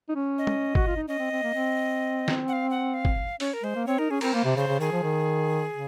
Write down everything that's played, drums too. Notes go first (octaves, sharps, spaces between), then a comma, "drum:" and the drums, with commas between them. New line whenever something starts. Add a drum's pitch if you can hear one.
D#4
C#4
D#5
drum: tom
F#4, drum: kick G#1
F4
D#4
C#4 D#5
C4
C4
A#3
C4
drum: snare
F#5
F5
F#5
F5
drum: kick G#1
C#4 C#5, drum: open hi-hat
A#4
G#3 C5
A#3
C4 C#5
D#4 A#4
C#4 G#4
C4 A#4, drum: cymbal
A#3 C5
C3
C#3 C5
C#3
D#3 G#4
F3
D#3
C#3